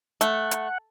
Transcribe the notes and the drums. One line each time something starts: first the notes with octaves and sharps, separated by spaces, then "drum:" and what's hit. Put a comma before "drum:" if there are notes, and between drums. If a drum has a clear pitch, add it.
A3 F#5, drum: hi-hat
drum: hi-hat